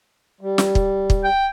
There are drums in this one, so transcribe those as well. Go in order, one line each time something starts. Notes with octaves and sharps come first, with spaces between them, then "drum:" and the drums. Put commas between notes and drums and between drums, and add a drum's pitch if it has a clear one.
G3
drum: snare
drum: kick
drum: kick
G5